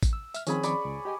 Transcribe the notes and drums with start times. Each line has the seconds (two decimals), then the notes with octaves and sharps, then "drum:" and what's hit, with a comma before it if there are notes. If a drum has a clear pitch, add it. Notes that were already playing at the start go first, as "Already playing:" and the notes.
0.03 drum: kick, tambourine
0.13 E6
0.34 E5 F6, drum: tambourine
0.47 D#3 F3 C4 C#4 G#4 B5, drum: tambourine
0.63 D5 B5 C#6, drum: tambourine
0.85 C#2
1.05 G4 D#5 G#5